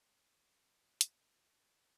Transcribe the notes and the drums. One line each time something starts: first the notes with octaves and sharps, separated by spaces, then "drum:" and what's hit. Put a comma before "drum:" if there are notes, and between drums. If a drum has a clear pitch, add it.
G#4 C#5 D5
drum: hi-hat